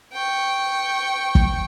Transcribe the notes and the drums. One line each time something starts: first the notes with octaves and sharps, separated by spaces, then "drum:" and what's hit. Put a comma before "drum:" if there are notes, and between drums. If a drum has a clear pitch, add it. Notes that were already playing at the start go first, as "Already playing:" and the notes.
G5 C#6
drum: kick